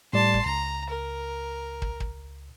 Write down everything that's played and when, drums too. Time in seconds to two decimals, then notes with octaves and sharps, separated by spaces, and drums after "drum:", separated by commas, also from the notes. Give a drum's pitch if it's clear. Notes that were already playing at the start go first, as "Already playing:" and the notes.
0.13 A2 G3 D5 A5 C6
0.34 drum: kick
0.46 C#2 A#5
0.89 A#4
1.82 drum: kick
2.00 drum: kick